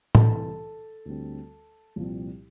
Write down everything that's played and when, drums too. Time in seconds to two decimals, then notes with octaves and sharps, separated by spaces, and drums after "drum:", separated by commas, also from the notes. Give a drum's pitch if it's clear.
0.15 C2 C3 E3 A4 A5, drum: tom A2
1.05 D2 D3 G3 C4
1.96 C2 A#2 F3 C4